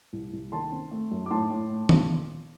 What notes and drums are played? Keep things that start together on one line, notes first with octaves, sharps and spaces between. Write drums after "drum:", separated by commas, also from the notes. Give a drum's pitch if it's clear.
C2
C2
D#3 A5 C6
C4
A3
F#2
D6
A2 A5 C6
A2
A3
A#2, drum: tom D#3